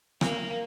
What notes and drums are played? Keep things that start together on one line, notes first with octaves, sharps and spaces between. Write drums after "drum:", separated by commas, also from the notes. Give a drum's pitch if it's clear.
A#3, drum: rim click